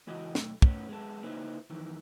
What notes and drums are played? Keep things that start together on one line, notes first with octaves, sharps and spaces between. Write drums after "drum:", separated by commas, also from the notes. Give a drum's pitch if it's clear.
C#2 E3 E4 F#4 D#5
B1 A3, drum: snare
A3 B3 C#4, drum: kick
G#3 B3 A4
C#3 A#3 D#4 E4 B4 C5
F2 D#3 E3